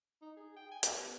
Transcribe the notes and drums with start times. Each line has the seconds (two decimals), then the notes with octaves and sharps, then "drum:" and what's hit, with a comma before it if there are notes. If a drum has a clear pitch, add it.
0.21 D#4
0.36 G#4
0.56 G5
0.71 G#5
0.83 G4, drum: hi-hat
0.98 B3